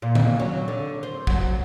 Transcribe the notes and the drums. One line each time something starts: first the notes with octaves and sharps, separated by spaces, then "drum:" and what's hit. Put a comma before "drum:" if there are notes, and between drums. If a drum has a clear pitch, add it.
A#2
drum: tom D3
F#3
D3
C5
F#3, drum: kick